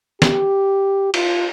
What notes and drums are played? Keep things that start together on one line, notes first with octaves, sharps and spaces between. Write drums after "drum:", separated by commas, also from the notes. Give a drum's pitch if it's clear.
G4, drum: snare
F4, drum: cymbal